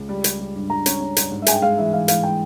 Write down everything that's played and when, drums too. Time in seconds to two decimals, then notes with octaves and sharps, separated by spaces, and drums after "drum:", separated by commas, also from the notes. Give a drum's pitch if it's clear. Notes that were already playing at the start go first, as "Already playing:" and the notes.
Already playing: C#2
0.09 G3
0.24 G3, drum: hi-hat
0.39 G3
0.55 G2
0.70 G2 A#5
0.86 C#4, drum: hi-hat
1.01 C#4
1.17 G2, drum: hi-hat
1.32 G#2
1.42 E5
1.46 G#3 G#5, drum: hi-hat
1.52 G5
1.62 G#3 F5
1.78 E3 E5
1.92 E3 F5
2.08 E3 F5, drum: hi-hat
2.23 G5